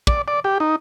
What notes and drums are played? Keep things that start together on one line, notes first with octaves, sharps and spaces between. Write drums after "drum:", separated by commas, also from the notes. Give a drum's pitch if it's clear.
D5, drum: kick
D5
G4
D#4